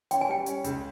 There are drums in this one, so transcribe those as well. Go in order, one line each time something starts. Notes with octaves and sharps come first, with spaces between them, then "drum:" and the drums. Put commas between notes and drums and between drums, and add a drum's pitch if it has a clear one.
C#4 G5, drum: hi-hat
G#5
G3 G5
C#4, drum: hi-hat
C#2, drum: hi-hat